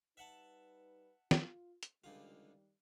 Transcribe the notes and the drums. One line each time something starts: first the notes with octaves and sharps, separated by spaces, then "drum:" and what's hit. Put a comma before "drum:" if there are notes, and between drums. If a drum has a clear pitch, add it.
G3 D#4 B4 E5 F#5 A5
F4, drum: snare
drum: hi-hat
C#2 D3 D#3 G3 F4